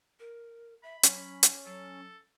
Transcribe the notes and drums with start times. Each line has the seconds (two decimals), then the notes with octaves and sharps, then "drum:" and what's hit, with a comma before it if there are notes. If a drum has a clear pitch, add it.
0.20 A#4
0.83 E5 B5
1.03 F#3 C#4, drum: hi-hat
1.43 drum: hi-hat
1.66 F#3 A4